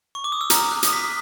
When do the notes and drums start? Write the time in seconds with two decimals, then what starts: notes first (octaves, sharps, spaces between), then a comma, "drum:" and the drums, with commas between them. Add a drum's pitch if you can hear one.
0.15 C#6
0.24 D6
0.32 D#6
0.41 E6
0.50 A#5 F6, drum: hi-hat
0.72 F#6
0.83 D#6, drum: hi-hat
0.93 B6